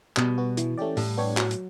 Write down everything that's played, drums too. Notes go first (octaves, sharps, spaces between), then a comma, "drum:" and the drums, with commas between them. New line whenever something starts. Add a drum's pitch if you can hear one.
B2 G3, drum: clap
B3 F#4
E3, drum: hi-hat
A3 C#4 G4 D5
A2 G3, drum: open hi-hat
B3 D4 G4 C#5
F#3, drum: clap
drum: hi-hat